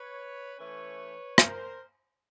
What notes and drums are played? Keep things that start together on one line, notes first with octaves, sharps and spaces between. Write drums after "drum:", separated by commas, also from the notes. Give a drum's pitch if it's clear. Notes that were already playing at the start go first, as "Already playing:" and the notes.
Already playing: B4 C#5
E3 A3 C#4 B4 C#5
A#4 C5, drum: rim click